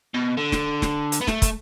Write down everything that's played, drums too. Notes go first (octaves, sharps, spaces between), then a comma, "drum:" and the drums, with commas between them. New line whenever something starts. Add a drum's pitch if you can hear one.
B2
D3
drum: snare
drum: snare
drum: hi-hat
B3
A3, drum: snare
drum: kick, hi-hat